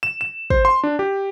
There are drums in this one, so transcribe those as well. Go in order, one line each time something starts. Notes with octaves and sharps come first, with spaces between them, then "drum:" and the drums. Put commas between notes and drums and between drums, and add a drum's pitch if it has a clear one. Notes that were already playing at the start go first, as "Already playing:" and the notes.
E7
E7
C5, drum: kick
C6
D4
G4